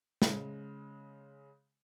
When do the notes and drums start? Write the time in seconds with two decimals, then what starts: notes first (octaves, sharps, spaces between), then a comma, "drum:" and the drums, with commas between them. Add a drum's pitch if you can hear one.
0.22 C#3 G#3, drum: snare